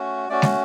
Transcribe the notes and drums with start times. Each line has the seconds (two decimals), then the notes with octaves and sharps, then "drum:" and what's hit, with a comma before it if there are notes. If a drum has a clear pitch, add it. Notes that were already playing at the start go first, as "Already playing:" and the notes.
Already playing: A3 C#4 F#4
0.29 A3 C#4 F#4 D5
0.42 drum: snare